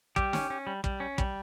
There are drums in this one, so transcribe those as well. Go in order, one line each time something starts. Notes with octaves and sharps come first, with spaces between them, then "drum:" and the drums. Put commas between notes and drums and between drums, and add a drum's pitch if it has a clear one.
G3 G4, drum: kick
C#4, drum: snare
C#4
G3
G3, drum: kick
C#4
G3, drum: kick